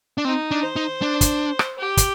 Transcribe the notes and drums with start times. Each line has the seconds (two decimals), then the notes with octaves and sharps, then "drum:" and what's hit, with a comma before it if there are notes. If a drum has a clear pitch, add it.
0.18 D4
0.25 C4 D#4
0.51 D4
0.63 C5
0.76 D#4
1.02 D4
1.21 drum: kick, hi-hat
1.59 drum: rim click
1.78 G4
1.97 drum: kick, hi-hat